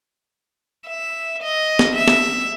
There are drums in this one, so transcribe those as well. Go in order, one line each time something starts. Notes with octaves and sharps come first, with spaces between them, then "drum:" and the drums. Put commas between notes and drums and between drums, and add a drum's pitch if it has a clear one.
E5
D#5
drum: snare
E5
drum: snare